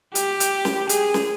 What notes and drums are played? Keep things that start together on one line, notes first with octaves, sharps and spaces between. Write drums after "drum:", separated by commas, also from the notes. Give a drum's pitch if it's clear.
G4, drum: hi-hat
drum: hi-hat
drum: snare
G#4, drum: hi-hat
drum: snare